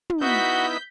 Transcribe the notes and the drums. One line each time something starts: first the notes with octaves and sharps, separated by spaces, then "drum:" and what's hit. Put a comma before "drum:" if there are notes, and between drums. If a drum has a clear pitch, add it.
drum: tom
B3 D#4 E4 F#4 G6 B6